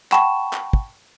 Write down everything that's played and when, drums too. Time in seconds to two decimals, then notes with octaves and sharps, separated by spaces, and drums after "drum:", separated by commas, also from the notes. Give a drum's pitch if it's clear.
0.12 F#5 G5 A5 B5 C#6 E7, drum: clap
0.53 drum: clap
0.73 drum: kick